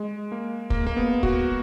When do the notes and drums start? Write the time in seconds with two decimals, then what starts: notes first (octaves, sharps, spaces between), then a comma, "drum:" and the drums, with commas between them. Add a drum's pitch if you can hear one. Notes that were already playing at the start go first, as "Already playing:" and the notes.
Already playing: G#3
0.32 A#3
0.70 A#3, drum: kick
0.87 A#3
0.96 B3
1.23 F#4, drum: kick